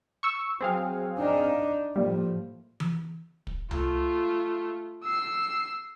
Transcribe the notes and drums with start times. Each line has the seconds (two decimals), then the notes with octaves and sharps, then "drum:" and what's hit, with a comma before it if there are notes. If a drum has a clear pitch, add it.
0.23 C#6 E6
0.61 F#3 C4 G#4 F5
1.18 D4 D#4
1.96 A2 F3 G3 A#3
2.80 drum: tom E3
3.47 drum: kick
3.71 A3 F4, drum: tom C2
5.04 E6 C7